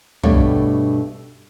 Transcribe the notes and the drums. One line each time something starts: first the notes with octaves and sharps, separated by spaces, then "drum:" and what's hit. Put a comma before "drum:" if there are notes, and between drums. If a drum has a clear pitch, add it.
G2 B2 A3 D4 G4 C#5, drum: tom